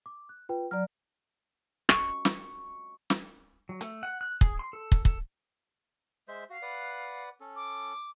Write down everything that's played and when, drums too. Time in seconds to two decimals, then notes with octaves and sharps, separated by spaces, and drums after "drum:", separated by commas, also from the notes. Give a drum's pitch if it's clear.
0.06 D6
0.29 F#6
0.49 F4 B4 G5
0.71 F#3 D5 A#5 F6
1.89 C#6, drum: rim click
2.25 drum: snare
3.10 drum: snare
3.69 F#3
3.81 A3, drum: hi-hat
4.03 F#5
4.21 F#6
4.41 G#4, drum: kick
4.59 C6
4.73 A4
4.92 drum: kick
5.05 A4, drum: kick
6.28 G#3 C5 E5
6.50 F#4 F5
6.62 B4 D5 F#5
7.41 C#4 A4
7.56 D6